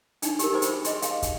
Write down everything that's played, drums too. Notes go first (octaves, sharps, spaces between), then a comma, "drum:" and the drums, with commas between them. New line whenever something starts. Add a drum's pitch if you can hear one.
D4 D#4, drum: hi-hat
G4 A#4, drum: hi-hat
D#4 F#4 G#4 C5 B5 D6
drum: hi-hat
G#4 D#5 C6, drum: hi-hat
F5, drum: hi-hat
drum: kick, hi-hat